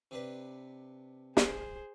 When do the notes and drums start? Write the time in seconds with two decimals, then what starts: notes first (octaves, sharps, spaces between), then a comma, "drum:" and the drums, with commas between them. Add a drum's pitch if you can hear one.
0.11 C3 D4 B4
1.37 G#4 C5, drum: snare